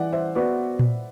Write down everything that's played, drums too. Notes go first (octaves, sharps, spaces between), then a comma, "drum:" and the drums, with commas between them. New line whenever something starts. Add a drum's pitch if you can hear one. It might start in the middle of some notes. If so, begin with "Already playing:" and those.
Already playing: E3 D5 F#5
C5 E5
B3 F#4 B4 D5
drum: tom A#2